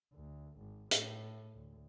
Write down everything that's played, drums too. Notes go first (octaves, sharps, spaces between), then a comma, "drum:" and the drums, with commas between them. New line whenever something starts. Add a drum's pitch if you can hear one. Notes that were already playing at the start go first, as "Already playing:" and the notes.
D2
G#1
A2, drum: hi-hat
D2